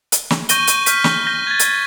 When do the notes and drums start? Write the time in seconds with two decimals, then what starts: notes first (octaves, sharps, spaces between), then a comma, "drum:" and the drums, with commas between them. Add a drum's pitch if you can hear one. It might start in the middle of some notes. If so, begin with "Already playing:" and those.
0.12 drum: hi-hat
0.30 drum: snare
0.49 C#6 G6 A#6 D#7 G7, drum: hi-hat
0.67 drum: hi-hat
0.86 F6 G6 B6, drum: hi-hat
1.04 drum: snare
1.27 G6 A#6 G7
1.47 G#6 A6
1.59 drum: hi-hat